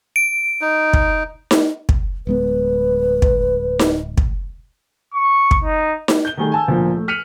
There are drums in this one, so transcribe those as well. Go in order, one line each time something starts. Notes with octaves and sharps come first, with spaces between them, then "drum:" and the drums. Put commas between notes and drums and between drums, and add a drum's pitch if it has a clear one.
D7
D#4
drum: kick
drum: snare D#4
drum: kick
D1 G#3 B3 B4
drum: kick
drum: snare D#4
drum: kick
C#6
drum: kick
D#4
drum: snare D#4
G6 G7
D#3 G3 A3 G#4
G#5 A5 E6
D2 A#2 F3 A#3 G#5
A3
F6 B6 C#7 D#7 F7 F#7